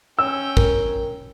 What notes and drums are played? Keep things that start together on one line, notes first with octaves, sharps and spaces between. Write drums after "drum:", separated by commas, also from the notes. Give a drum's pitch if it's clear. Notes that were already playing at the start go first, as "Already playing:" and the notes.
C#4 G5 E6
A#4, drum: kick